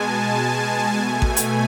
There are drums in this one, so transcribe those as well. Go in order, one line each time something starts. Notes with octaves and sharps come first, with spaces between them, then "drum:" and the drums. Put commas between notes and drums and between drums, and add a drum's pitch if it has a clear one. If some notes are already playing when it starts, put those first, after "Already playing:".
Already playing: B2 G#3 G#5 A5
G#5
B2 A3
drum: kick A1
drum: hi-hat